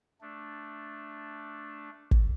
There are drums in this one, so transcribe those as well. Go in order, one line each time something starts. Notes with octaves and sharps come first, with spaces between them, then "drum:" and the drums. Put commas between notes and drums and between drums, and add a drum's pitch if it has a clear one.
A3 D4
drum: kick